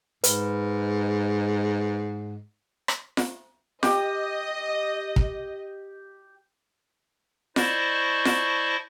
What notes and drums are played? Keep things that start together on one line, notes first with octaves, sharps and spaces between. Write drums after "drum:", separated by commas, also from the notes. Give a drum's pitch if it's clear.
G#2 B4, drum: hi-hat
drum: rim click
drum: snare F4
G4 D#5, drum: snare F4
drum: kick
E4 C5 D5 D#5 A5 C#6, drum: snare F4
drum: snare F4